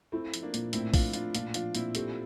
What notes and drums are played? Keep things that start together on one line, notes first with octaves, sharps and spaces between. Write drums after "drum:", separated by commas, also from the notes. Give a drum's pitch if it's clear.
A3 C4 E4
F3, drum: hi-hat
A#3 D4
A#2, drum: hi-hat
A2 C4 E4, drum: hi-hat
F3 D4 F4, drum: kick, open hi-hat
A2 D4 F4, drum: hi-hat
A#2 D4 F4, drum: hi-hat
F3 D4 F4, drum: hi-hat
A#2 C4 E4, drum: hi-hat
A3 C4 G4, drum: hi-hat